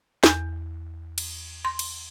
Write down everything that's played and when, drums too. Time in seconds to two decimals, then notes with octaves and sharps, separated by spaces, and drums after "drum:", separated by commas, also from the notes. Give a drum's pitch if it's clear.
0.24 E2, drum: snare
1.18 drum: cymbal
1.65 C6
1.79 drum: cymbal